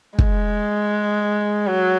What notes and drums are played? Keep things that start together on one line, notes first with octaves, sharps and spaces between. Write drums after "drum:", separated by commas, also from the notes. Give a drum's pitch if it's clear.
G#3, drum: kick
F#3